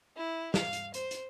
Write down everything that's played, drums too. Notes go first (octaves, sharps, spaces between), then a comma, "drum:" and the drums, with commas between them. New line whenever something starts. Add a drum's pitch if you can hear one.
E4
F5, drum: snare
drum: hi-hat
C5, drum: hi-hat
drum: hi-hat